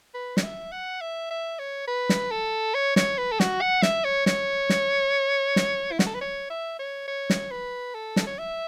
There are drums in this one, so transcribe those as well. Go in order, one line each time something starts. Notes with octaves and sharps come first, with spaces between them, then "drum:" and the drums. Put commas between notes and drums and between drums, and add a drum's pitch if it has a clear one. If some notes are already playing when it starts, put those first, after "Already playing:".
B4
C#5, drum: snare
E5
F#5
E5
E5
C#5
B4
drum: snare
A4
C#5
C#5, drum: snare
B4
A4
F#4, drum: snare
F#5
E5, drum: snare
C#5
C#5, drum: snare
drum: snare
drum: snare
E4
F#4, drum: snare
A4
B4
C#5
E5
C#5
C#5
drum: snare
B4
A4
drum: snare
C#5
E5